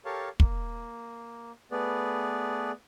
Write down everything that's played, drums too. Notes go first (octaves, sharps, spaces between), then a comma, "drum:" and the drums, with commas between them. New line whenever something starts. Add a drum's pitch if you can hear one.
G4 A4 A#4 C#5 F5 A5
A#3, drum: kick
A3 B3 G#4 B4 D5